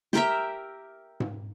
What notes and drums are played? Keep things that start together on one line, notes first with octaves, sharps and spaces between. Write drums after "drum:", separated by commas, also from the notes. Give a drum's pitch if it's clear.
G4 A#4 E5, drum: snare
drum: tom G#2